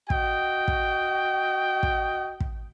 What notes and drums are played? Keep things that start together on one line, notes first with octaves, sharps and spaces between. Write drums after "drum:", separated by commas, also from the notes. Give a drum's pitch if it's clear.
F#4 D#5 G5, drum: kick
drum: kick
drum: kick
drum: kick